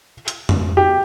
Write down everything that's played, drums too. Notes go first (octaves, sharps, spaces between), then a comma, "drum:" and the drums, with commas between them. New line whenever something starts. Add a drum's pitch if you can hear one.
drum: hi-hat
drum: tom F2
G4